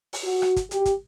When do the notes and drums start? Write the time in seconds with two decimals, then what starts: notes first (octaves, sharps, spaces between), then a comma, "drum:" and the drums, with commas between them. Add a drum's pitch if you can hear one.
0.13 drum: open hi-hat
0.23 F#4
0.42 drum: rim click
0.56 drum: kick, hi-hat
0.71 G4, drum: hi-hat
0.85 drum: kick, hi-hat